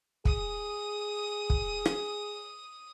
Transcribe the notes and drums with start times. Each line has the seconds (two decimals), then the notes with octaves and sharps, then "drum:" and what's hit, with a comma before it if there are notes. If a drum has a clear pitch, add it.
0.25 G#4 D#6, drum: kick
1.50 drum: kick
1.86 drum: rim click